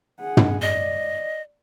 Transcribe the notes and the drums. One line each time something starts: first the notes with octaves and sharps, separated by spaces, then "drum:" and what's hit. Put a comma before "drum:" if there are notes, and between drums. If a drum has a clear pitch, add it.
G#4 F#5
drum: tom
D5 D#5